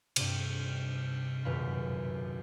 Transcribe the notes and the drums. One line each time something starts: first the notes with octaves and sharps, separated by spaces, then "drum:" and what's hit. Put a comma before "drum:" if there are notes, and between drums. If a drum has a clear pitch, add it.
G2 C3, drum: cymbal
D#1 B1 F#2 B4 F5 B5